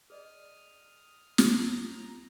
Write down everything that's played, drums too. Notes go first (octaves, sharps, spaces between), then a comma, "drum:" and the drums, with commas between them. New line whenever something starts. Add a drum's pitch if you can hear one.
G#4 D5 D#5 D#6 F6
D#4 A#5, drum: snare